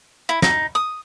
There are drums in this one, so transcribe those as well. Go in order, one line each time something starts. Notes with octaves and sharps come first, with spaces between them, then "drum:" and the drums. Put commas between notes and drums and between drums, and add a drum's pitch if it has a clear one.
E4
D#4, drum: snare
D#6